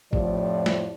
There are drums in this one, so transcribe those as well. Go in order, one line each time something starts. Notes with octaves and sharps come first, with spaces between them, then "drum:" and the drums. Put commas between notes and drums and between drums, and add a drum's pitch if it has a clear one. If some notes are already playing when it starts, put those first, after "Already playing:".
F2 A2 F3 G4 D5, drum: kick A1
drum: snare